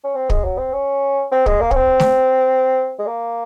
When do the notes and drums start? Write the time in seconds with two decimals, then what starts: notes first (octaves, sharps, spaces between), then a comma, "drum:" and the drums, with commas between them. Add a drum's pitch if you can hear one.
0.04 C#4
0.15 C4
0.30 G#3, drum: kick
0.44 F#3
0.58 C4
0.73 C#4
1.32 C4
1.46 G#3, drum: kick
1.60 A#3
1.71 C#4, drum: kick
1.75 C4
2.00 drum: snare A3
2.99 G#3
3.07 A#3